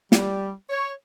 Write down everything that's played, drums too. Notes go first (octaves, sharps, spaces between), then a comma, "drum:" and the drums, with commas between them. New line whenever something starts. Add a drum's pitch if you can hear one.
G3, drum: snare
C#5